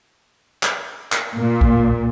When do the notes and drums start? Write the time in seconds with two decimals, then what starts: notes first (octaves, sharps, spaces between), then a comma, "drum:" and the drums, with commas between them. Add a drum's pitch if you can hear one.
0.63 drum: clap
1.12 drum: clap
1.37 A#2
1.61 drum: kick A1